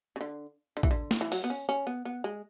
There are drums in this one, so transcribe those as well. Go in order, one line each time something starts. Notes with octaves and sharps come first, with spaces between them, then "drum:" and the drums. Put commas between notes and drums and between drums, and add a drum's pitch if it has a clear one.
C#3
D3
D3
E3, drum: kick
D3
drum: snare
E3
F#3, drum: open hi-hat
B3
C#4
C#4
B3
B3
G#3